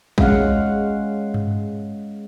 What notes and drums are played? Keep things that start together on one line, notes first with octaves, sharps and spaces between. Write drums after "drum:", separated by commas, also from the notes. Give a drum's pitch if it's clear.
G#3 C#4 F5 F#5, drum: kick A#1
drum: tom G2